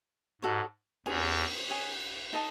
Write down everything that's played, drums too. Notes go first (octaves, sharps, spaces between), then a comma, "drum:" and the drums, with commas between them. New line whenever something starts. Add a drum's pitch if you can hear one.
G#2 D#4 F#4 A4 C#5
E2 G#4 C#5 G#5 D#6, drum: cymbal
G#4 C#5 G#5 D#6
D#4 A4 D#5 A5